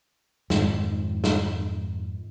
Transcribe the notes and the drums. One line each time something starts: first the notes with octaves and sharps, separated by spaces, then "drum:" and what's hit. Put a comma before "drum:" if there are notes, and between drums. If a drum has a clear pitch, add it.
F2 G#2 D#3 F3, drum: snare
drum: snare